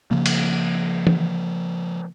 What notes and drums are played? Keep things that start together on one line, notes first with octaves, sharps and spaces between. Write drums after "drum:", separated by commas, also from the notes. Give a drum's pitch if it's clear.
C#3 F3 A#3
drum: cymbal
drum: tom E3